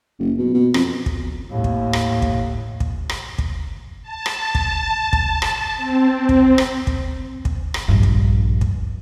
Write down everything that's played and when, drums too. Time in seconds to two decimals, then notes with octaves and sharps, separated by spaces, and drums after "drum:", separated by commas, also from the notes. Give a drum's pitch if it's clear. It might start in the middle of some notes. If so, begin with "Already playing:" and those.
0.19 F#1
0.37 B2
0.54 B2
0.74 F2, drum: rim click
1.06 drum: kick
1.49 D#2 A2
1.64 drum: kick
1.93 drum: rim click
2.22 drum: kick
2.80 drum: kick
3.09 drum: rim click
3.39 drum: kick
4.02 A5
4.26 drum: rim click
4.55 drum: kick
5.13 drum: kick
5.42 drum: rim click
5.77 C4
6.29 drum: kick
6.58 drum: rim click
6.87 drum: kick
7.45 drum: kick
7.74 drum: rim click
7.88 A#1 G2
8.03 drum: kick
8.61 drum: kick